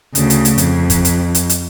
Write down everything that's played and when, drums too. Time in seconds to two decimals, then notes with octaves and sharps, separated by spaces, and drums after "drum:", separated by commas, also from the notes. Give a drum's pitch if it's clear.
0.15 D2 C#3, drum: hi-hat
0.30 drum: hi-hat
0.45 drum: hi-hat
0.58 F2, drum: hi-hat
0.90 drum: kick, hi-hat
1.05 drum: hi-hat
1.35 drum: hi-hat
1.49 drum: hi-hat